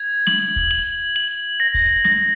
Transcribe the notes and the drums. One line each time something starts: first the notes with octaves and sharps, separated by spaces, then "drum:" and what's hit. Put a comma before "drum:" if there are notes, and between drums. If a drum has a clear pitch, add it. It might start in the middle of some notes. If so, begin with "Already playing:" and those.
Already playing: G#6
F#7, drum: snare
drum: kick
F#7
F#7
A#6
drum: kick
A#6, drum: snare